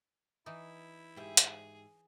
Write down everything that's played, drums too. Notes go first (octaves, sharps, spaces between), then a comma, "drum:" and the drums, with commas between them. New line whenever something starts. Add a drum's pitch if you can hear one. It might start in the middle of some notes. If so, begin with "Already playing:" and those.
E3 D#4 E4
G#2 G4 G#4 E5
drum: hi-hat